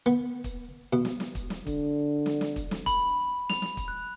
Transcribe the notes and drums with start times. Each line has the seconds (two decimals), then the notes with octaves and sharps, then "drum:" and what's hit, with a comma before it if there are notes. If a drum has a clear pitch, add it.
0.06 B3
0.44 drum: kick, hi-hat
0.93 B2
1.05 drum: snare
1.20 drum: snare
1.35 drum: kick, hi-hat
1.50 drum: snare
1.67 D3, drum: kick, hi-hat
2.26 drum: snare
2.41 drum: snare
2.56 drum: kick, hi-hat
2.71 drum: snare
2.86 B5, drum: kick, hi-hat
3.50 F7, drum: snare
3.62 drum: snare
3.77 drum: kick, hi-hat
3.88 F#6